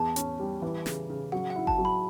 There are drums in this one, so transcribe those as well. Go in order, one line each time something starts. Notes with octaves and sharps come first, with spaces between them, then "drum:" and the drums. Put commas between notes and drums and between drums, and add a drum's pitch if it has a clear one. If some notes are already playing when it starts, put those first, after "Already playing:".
Already playing: E2 A5
C#4, drum: hi-hat
G3
E3
C#3, drum: snare
C#3
F#3 F#5
F#5
E4
A5, drum: kick G1
F#3
B5